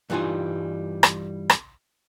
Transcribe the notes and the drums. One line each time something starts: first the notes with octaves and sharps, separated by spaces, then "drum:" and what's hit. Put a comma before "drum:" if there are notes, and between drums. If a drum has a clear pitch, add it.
G2 E3 G3 D#4 F4 G#5
drum: rim click
drum: rim click